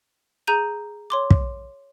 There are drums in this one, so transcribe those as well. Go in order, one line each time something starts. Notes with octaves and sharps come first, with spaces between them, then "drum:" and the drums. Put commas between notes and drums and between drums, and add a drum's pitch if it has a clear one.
G#4 A#5 G6 D#7
C#5 C6 D6
drum: kick